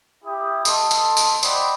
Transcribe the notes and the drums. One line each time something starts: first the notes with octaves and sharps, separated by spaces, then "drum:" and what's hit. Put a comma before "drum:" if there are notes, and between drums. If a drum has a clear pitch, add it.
E4 G4 D#6
A4 D#5 C6, drum: tambourine
drum: tambourine
drum: tambourine
C5 D5 D#5 F#5 G5 B5, drum: tambourine